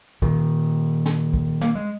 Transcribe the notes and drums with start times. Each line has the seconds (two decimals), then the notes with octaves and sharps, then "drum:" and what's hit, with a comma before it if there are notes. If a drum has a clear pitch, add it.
0.22 A#2 D#3, drum: kick
1.06 drum: snare
1.33 drum: kick
1.61 A#3, drum: snare
1.75 G#3